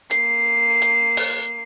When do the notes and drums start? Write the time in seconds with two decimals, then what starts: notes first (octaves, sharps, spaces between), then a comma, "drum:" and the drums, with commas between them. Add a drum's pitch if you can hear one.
0.11 A#3 C7, drum: hi-hat
0.82 drum: hi-hat
1.17 drum: open hi-hat